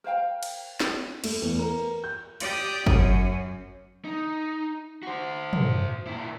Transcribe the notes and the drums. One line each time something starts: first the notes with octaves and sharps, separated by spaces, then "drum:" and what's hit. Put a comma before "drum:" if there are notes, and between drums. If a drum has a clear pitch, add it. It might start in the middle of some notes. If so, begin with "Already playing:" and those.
A#4 C5 F5 G5
drum: cymbal
drum: snare
A3, drum: cymbal
E2
A#4
G6
G4 D5 D#6, drum: cymbal
F#2, drum: kick G1
D#4
F#4 C5
drum: tom
A#2 E4